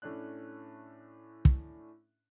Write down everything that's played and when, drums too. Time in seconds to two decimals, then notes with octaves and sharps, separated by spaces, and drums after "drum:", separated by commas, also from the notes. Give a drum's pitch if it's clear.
0.02 A2 A3 C#4 D4 F#6
1.45 drum: kick